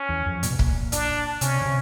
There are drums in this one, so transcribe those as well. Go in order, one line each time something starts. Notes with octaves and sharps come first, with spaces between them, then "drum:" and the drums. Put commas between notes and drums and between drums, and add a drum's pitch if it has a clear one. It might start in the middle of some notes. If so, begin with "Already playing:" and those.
Already playing: C#4
E2
F2
A#2, drum: hi-hat
B2
A#2, drum: kick
D4, drum: hi-hat
C3 C#4, drum: hi-hat
C#3
C3